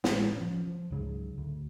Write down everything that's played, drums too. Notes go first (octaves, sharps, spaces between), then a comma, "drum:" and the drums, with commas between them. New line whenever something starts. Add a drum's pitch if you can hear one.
A1 G#3 C4, drum: snare
F3 C#4
F3
C#2 G#2 C#3 F#3
D2